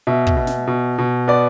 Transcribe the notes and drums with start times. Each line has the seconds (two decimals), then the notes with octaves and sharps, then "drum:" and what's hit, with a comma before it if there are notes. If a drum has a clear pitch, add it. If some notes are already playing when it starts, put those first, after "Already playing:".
0.07 B2 E5
0.27 drum: kick
0.37 B2
0.47 drum: snare
0.67 B2
0.98 B2
1.28 B3 D5